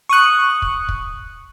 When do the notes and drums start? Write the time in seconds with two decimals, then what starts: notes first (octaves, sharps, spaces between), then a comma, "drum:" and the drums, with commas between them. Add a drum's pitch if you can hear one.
0.09 C#6 D#6 F#6
0.62 drum: kick
0.89 drum: kick